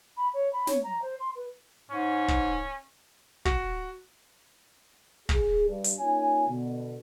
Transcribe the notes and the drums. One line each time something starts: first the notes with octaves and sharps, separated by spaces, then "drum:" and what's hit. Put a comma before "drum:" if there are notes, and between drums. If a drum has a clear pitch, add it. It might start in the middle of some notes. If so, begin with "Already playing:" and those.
B5
C#5
B5
C#5, drum: snare
A#5
C5
C6
B4
G#2 C#4
drum: kick
F#4, drum: kick
G#4, drum: kick
G2
drum: hi-hat
A#3 C#4 D#4 F4 C#5 G#5
B2 D3